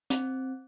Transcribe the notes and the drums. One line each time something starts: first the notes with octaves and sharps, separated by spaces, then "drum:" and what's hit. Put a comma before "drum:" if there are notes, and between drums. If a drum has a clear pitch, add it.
C4, drum: hi-hat